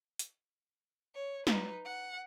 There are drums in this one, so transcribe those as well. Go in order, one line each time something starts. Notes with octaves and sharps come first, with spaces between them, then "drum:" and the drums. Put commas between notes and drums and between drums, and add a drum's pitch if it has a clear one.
drum: hi-hat
C#5
D#4 B4, drum: snare
F#5